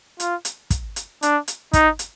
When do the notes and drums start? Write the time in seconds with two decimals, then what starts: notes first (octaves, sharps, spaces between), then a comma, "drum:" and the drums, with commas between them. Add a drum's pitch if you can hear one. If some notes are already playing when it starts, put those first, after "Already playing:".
0.20 F4, drum: hi-hat
0.45 drum: hi-hat
0.70 drum: kick, hi-hat
0.96 drum: hi-hat
1.23 D4, drum: hi-hat
1.48 drum: hi-hat
1.73 D#4, drum: kick, hi-hat
1.99 drum: hi-hat